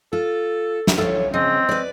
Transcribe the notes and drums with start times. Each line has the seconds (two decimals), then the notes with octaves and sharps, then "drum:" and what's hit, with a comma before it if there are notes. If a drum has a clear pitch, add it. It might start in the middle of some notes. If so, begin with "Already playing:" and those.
0.13 F4 A4
0.87 drum: snare
0.98 F4 A4 C#5
1.34 C#3 C4 D#5
1.69 B4 D5